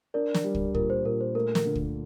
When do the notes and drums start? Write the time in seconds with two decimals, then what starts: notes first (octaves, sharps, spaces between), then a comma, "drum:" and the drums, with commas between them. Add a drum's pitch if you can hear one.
0.14 D4 A#4 D5
0.34 drum: snare
0.44 G3
0.55 drum: kick
0.75 A#2 A#4, drum: kick
0.90 C5
1.05 A#2 A#4
1.21 C5
1.35 A3 A#4
1.55 A#4, drum: snare
1.65 D3
1.75 drum: kick